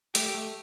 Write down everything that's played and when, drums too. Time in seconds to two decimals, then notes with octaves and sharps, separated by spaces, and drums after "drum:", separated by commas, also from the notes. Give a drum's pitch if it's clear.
0.15 A3 G4, drum: hi-hat
0.34 A3